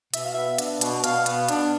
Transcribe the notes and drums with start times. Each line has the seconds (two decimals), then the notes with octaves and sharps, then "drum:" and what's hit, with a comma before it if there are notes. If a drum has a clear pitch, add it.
0.14 B2 E5, drum: hi-hat
0.23 F5
0.32 B3 E5
0.58 D4, drum: hi-hat
0.81 B2, drum: hi-hat
1.04 B2 F5, drum: hi-hat
1.26 B3, drum: hi-hat
1.49 D4, drum: hi-hat